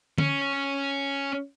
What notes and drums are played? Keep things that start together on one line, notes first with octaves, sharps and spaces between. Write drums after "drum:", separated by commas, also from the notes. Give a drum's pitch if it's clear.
C#4, drum: tom D3